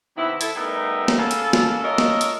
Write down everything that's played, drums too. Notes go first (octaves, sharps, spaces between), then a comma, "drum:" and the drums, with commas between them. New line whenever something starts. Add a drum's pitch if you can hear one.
C3 D#3 B3 E4
E4 A4, drum: hi-hat
G3 A3 B3 D#4 A#4 E5
drum: snare
C#3 A#3 C#4 A4
drum: hi-hat
drum: snare
A3 F4 A4 A#4 C#5 D#5
drum: snare
drum: hi-hat